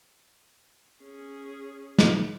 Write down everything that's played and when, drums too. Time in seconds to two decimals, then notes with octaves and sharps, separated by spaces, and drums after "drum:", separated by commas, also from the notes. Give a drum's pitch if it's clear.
1.03 C#4 G#4
1.98 drum: snare